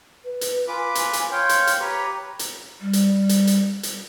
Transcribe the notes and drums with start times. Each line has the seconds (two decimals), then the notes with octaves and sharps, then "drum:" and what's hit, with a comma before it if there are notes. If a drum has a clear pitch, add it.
0.24 B4
0.41 drum: hi-hat
0.67 F4 B4 G#5 D6
0.95 drum: hi-hat
1.13 drum: hi-hat
1.31 C#5 F5 G5 C6
1.49 drum: hi-hat
1.67 drum: hi-hat
1.80 G4 B4 C#5 A#5
2.39 drum: hi-hat
2.81 G3
2.93 drum: hi-hat
3.29 drum: hi-hat
3.47 drum: hi-hat
3.83 drum: hi-hat